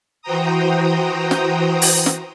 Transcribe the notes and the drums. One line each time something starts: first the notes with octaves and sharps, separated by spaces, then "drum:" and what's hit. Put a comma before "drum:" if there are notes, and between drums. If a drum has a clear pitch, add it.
E3 F#4 C5 G5 A#5 D#6
drum: snare
drum: open hi-hat
drum: snare